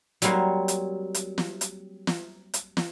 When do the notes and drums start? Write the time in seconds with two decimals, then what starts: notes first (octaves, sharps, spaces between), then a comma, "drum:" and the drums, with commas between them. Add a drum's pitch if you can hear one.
0.22 F#3 G3 A#3 C4 F#4, drum: hi-hat
0.68 drum: hi-hat
1.14 drum: hi-hat
1.38 drum: snare
1.61 drum: hi-hat
2.07 drum: snare
2.54 drum: hi-hat
2.77 drum: snare